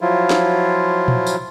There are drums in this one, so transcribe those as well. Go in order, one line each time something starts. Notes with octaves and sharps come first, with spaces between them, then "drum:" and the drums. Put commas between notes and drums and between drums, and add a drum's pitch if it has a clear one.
F3 F#3 E4 F4
drum: snare
drum: tom A#2
drum: tambourine